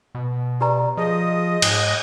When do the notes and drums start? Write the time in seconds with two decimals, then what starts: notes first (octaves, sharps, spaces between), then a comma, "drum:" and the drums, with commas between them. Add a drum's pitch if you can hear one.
0.15 B2
0.61 G4 B4 D5 A#5
0.97 F3 G#4 D#5
1.62 G#2, drum: cymbal